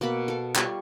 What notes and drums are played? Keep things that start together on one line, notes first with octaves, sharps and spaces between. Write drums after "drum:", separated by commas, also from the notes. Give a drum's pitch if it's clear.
B2 A#3 A5 B5
A4 F5
G3 F4 C6 C#6, drum: clap